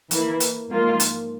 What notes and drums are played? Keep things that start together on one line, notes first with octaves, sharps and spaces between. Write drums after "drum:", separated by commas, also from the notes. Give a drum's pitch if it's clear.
E3 A#3 E4, drum: hi-hat
drum: hi-hat
G#2 F3 A#3 F4
drum: hi-hat